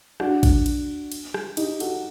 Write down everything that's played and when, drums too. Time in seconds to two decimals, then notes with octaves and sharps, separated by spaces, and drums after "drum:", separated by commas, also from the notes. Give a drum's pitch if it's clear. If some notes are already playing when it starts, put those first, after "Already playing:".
0.20 D4 F#4, drum: rim click
0.43 drum: kick, cymbal
0.66 drum: cymbal
1.12 drum: cymbal
1.34 drum: rim click
1.57 D#4 G4, drum: cymbal
1.80 F#4 A4, drum: cymbal